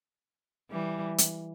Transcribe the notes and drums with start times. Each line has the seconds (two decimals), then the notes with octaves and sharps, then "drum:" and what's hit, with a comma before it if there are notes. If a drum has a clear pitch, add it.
0.71 E3 G3
1.18 drum: hi-hat